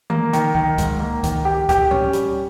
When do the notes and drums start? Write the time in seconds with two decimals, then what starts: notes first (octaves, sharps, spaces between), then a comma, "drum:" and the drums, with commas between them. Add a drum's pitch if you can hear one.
0.10 A#3, drum: tom D#3
0.33 D#3, drum: hi-hat
0.55 D#3, drum: kick C#2
0.78 G#2, drum: kick C#2, hi-hat
1.00 A#3
1.23 D#3, drum: kick C#2, hi-hat
1.45 G4
1.69 G4, drum: kick C#2, hi-hat
1.91 C#4, drum: tom G#2
2.13 G3, drum: hi-hat